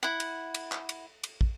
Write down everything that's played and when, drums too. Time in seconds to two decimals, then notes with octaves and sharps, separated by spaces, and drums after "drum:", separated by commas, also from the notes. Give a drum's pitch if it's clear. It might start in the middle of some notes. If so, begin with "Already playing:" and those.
0.03 E4 F#5
0.20 drum: cymbal
0.54 drum: cymbal
0.72 drum: clap
0.89 drum: cymbal
1.24 drum: cymbal
1.41 drum: kick